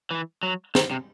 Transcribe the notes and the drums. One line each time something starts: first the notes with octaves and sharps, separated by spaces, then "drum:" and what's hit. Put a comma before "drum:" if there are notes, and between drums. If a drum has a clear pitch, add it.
E3
F#3
D#3, drum: snare
C3